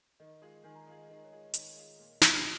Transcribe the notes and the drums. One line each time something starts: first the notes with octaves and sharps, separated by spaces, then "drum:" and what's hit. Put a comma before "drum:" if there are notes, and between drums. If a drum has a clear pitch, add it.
D#3 D#5
G#3 F4 G#4
D#3 G#5
A#5
G#3 F4 G#4 G#5
D#5
D#3 D#5
C#5
G#3 F4 G#4
D#3, drum: hi-hat
G#3 F4 G#4
A#2
G#3 C#4, drum: snare